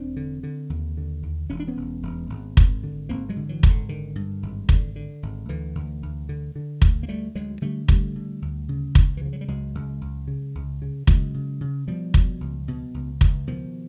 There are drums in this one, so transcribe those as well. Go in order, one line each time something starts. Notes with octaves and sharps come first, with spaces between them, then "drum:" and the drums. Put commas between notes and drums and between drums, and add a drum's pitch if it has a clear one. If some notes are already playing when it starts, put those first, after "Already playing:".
Already playing: E1 C4 D4
D3
D3
D#2
D3
D#2
E1 C#4
D4
B3 C#4
E1
E1
G#1
G#1, drum: kick
D3
G#1 A#3 C4
F#3 G#3
D3
E3 F#3
G#1, drum: kick
D3
D3 D#3
G2
G#1
D3, drum: kick
D3
G#1
D2 D3 E3
D2
D2
D3
D3
D2, drum: kick
A#3
D2 G3 A3
D2 F#3 G#3
D3 G3 A3
D3 G3 A3, drum: kick
D3
D2
C#3
C#2, drum: kick
E3
C#3 F3
F#3
G3
C#2 F#3 G#3
C#2
C#2
C#3
C#2
C#3
C#3 F#3 G#3, drum: kick
C#3
C#3
B2 F3 G3
B2, drum: kick
C#2
B2
C#2
C#2, drum: kick
B2 D#3 F3